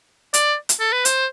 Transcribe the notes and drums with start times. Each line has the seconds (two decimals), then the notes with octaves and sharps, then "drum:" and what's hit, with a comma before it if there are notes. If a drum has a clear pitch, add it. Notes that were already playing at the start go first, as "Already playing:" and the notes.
0.34 D5, drum: hi-hat
0.69 drum: hi-hat
0.80 A4
0.92 B4
1.05 C5, drum: hi-hat